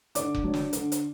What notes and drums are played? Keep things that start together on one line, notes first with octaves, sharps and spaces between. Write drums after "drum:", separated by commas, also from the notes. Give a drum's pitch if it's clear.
D3 D5 D6, drum: hi-hat
drum: kick F1
F#3 D4
drum: snare
D3, drum: hi-hat
drum: hi-hat